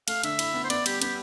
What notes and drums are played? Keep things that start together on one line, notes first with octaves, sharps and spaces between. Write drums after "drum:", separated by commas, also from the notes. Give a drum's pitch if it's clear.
A3 F5, drum: cymbal
D3 E5, drum: cymbal
E4, drum: cymbal
B3
C5
B3 D5, drum: cymbal
G3 G4, drum: cymbal
B3 G4, drum: cymbal